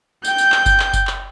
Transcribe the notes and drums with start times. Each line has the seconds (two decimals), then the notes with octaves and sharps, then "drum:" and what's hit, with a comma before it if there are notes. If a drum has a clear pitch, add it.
0.25 G5 G6, drum: tambourine
0.38 drum: tambourine
0.52 drum: clap
0.66 drum: kick F#1, tambourine
0.80 drum: clap
0.93 drum: kick F#1, tambourine
1.07 drum: clap